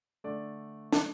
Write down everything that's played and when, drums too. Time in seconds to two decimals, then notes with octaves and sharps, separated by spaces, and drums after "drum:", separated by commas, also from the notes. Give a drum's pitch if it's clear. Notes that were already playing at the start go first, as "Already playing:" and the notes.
0.24 D3 A3 D4 D5
0.93 A5, drum: snare